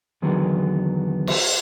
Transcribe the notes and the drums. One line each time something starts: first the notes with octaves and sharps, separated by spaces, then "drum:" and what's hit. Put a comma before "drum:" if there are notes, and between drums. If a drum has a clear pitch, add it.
E2 D3 D#3 F#3 B3 G#4
drum: cymbal